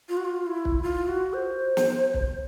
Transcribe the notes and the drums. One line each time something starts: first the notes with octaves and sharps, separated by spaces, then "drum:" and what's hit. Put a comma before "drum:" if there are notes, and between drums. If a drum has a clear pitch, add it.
F4
F#4
F4
E4
drum: kick
F4
F#4
C5
drum: snare
drum: kick